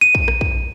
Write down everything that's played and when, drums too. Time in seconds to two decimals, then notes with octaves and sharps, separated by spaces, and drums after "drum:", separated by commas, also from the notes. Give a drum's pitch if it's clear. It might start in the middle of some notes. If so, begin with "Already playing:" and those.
0.01 D#7
0.15 drum: kick
0.28 drum: rim click
0.41 drum: kick